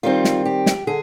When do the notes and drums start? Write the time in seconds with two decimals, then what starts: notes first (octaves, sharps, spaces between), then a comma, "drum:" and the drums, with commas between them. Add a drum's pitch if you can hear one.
0.03 D#3 G3 C4 F4
0.24 drum: snare
0.46 G4
0.66 drum: snare
0.87 D3 G#4